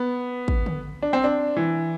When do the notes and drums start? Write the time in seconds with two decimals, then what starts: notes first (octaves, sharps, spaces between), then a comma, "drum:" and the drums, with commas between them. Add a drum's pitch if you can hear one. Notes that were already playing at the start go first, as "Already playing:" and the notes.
Already playing: B3
0.48 drum: kick
0.66 drum: tom D3
1.02 D4
1.13 C4
1.24 D4
1.57 E3